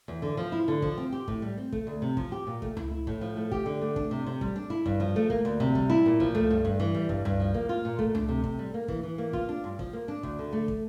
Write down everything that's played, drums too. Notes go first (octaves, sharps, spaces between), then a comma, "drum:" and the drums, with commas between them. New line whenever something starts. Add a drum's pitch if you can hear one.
E2
D3
F3
E4
D3
F3, drum: kick
C4
G4
A2, drum: kick
G3
C4
A3, drum: kick
D2
C3
F3, drum: kick
G4
A#2
A3, drum: kick
E4, drum: tom C#2
E4
A2, drum: kick
F3
A3
G4, drum: kick
D3
A3
D4, drum: kick
C3
C3
G3, drum: kick
D4
E4
G2, drum: kick
F3
A3
A#3, drum: kick
D2
C3
G3, drum: kick
E4
A#2
F3, drum: kick
A3, drum: tom C#2
G2
G2, drum: kick
E3
G3
G2, drum: kick
G2, drum: tom C#2
F3
A#3, drum: kick
F4
A#2
A3, drum: kick
D4, drum: tom C#2
C3
C3, drum: kick
G3
A#3
E3, drum: kick
E3
A#3
F4, drum: kick
D4
G2
F3, drum: kick
A#3
D4
D2, drum: kick
D3
A3
drum: kick